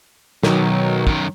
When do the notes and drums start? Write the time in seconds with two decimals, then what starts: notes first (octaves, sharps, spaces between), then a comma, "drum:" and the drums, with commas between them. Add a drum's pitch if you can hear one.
0.43 B1 D#3 F#3, drum: snare
1.07 F#2 D#3, drum: kick